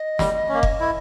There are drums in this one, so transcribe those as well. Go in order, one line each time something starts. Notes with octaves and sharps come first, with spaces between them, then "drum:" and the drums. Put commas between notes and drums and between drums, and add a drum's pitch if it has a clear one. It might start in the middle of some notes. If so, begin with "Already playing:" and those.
Already playing: D#5
G3, drum: snare
A#3 C#4
drum: kick F1
E4